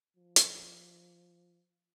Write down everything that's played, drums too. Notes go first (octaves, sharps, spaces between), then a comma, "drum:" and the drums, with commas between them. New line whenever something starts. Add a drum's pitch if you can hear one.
F3
drum: hi-hat